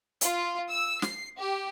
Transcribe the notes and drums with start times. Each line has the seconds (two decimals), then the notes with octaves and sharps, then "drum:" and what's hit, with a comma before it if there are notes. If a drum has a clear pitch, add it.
0.21 F4, drum: hi-hat
0.69 E6
1.02 C7, drum: snare
1.37 G4